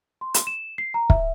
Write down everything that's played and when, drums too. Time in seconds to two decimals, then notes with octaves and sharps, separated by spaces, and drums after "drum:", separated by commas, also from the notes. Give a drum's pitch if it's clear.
0.21 C6
0.34 drum: hi-hat
0.47 E7
0.78 C7
0.94 A#5
1.10 E5, drum: kick